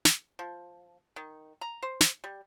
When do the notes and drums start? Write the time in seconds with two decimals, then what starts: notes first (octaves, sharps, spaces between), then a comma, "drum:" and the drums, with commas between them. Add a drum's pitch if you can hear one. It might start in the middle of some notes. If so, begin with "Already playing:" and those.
0.05 drum: snare
0.39 F3
1.16 D#3
1.61 A#5
1.83 C5
2.01 drum: snare
2.24 G3